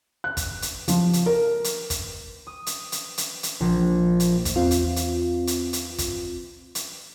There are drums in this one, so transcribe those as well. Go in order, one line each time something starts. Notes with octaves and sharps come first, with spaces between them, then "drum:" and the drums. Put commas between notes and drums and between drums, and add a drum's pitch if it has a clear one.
F#6
drum: kick, hi-hat
drum: hi-hat
F3, drum: hi-hat
drum: hi-hat
A#4
drum: hi-hat
drum: kick, hi-hat
D#6
drum: hi-hat
drum: hi-hat
drum: hi-hat
drum: hi-hat
A#1
drum: hi-hat
drum: kick, hi-hat
E2 C4 F4
drum: hi-hat
drum: hi-hat
drum: hi-hat
drum: hi-hat
drum: kick, hi-hat
drum: hi-hat